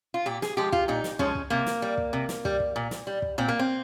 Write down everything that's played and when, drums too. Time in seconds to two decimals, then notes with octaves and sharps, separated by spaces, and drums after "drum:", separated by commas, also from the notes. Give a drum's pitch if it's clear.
0.14 F4
0.26 A#2 G4
0.42 G#4, drum: snare
0.57 F3 G#3 G4
0.72 F4, drum: kick
0.88 A#2 D#4
1.04 drum: snare
1.19 F3 G#3 C#4, drum: kick
1.35 drum: kick
1.50 C3 A#3
1.66 drum: snare
1.82 G3
1.98 drum: kick
2.13 C3
2.29 drum: snare
2.45 G3, drum: kick
2.60 drum: kick
2.76 A#2
2.91 drum: snare
3.07 G3
3.22 drum: kick
3.38 A#2 C4
3.48 A#3
3.59 C4